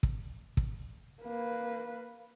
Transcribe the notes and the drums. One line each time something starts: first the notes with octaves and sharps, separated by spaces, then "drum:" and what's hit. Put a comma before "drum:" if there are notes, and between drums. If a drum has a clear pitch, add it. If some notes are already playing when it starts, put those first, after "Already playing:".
drum: kick
drum: kick
A#3 B4